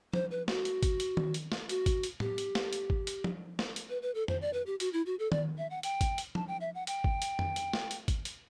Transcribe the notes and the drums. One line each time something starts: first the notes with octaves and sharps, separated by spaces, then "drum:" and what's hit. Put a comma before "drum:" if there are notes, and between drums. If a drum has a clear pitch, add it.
C5, drum: tom F3
B4
F#4, drum: snare
drum: hi-hat
drum: kick G#1, hi-hat
drum: hi-hat
drum: tom D#3
drum: hi-hat
drum: snare
F#4, drum: hi-hat
drum: kick G#1, hi-hat
drum: hi-hat
G4, drum: tom A2
drum: hi-hat
drum: snare
drum: hi-hat
drum: kick G#1
drum: hi-hat
drum: tom F3
drum: snare
drum: hi-hat
B4
B4
A4
C5, drum: tom F2
D5
B4
G4
F#4, drum: hi-hat
E4
F#4
A4
D5, drum: tom D#3
E5
F#5
G5, drum: hi-hat
drum: kick G#1, hi-hat
drum: hi-hat
A5, drum: tom F3
G5
E5
F#5
G5, drum: hi-hat
drum: kick G#1
drum: hi-hat
drum: tom F2
drum: hi-hat
drum: snare
drum: hi-hat
drum: kick G#1, hi-hat
drum: hi-hat